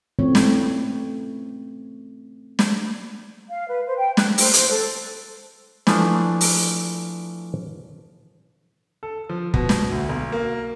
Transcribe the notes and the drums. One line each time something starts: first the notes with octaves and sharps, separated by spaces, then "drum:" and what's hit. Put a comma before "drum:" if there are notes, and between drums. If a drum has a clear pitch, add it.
E3 A3 C4 C#4 F4 C#5
drum: snare
drum: snare
F5
B4
C5
G5
F#6, drum: snare
C5, drum: open hi-hat
C5, drum: hi-hat
A4
E3 F3 A3 D4, drum: snare
drum: open hi-hat
A4
F3
B2, drum: kick
drum: snare
D2
B1
A#3